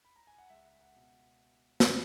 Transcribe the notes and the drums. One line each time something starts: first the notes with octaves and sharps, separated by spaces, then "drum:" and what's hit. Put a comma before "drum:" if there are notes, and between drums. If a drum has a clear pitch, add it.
B5
A#5
G#5
F#5
C#2 E5
F#5
B2
drum: snare